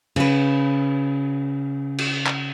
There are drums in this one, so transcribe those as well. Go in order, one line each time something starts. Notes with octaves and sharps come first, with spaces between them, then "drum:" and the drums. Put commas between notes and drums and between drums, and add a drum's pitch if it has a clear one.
C#3 B4, drum: cymbal
drum: cymbal
drum: clap